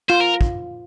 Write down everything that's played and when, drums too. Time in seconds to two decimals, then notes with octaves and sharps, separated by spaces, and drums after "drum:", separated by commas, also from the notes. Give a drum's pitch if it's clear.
0.09 F4 C5
0.21 A#4
0.41 drum: kick